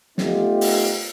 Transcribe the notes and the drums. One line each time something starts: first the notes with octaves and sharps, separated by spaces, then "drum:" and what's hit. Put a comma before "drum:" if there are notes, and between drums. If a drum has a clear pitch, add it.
A3 B3 D#4 F4 G4, drum: snare
drum: open hi-hat